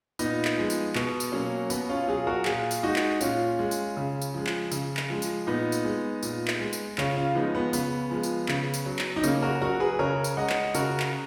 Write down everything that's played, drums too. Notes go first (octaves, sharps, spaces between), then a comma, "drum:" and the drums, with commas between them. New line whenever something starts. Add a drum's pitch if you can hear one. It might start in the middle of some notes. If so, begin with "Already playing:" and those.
A#2 B3 D#4, drum: tambourine
drum: clap
F3 G#3
drum: tambourine
B2 B3, drum: clap
drum: tambourine
F#3 A#3 C#4
B2 B3, drum: tambourine
C#4 F4
F#3 F4 G#4
F#4 A#4
A#2 F4 G#4, drum: clap
drum: tambourine
G#3 D#4 F#4
drum: clap
A#2 C#4 F4, drum: tambourine
G#3
drum: tambourine
C#3
drum: tambourine
F3 G#3
drum: clap
C#3, drum: tambourine
drum: clap
F3 G#3
drum: tambourine
A#2 B3 D#4
drum: tambourine
G#3
A#2, drum: tambourine
drum: clap
G#3
drum: tambourine
C#3 C#4 F4, drum: clap
C#4 F4
F3 G#3 B3 D#4
B3
C#3 B3, drum: tambourine
F3 G#3
drum: tambourine
C#3, drum: clap
drum: tambourine
F#3
drum: clap
D#4
C#3 A#3 C#4, drum: tambourine
F#4 A#4
F#3 F#4 A#4
G#4 B4
C#3 A#4 C#5
drum: tambourine
G#3 D#5 F#5
drum: clap
C#3 F#4 A#4, drum: tambourine
drum: clap